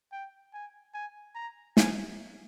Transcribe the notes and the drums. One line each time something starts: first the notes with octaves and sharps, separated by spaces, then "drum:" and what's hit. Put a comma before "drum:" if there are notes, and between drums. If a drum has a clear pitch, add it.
G5
G#5
G#5
A#5
G#5, drum: snare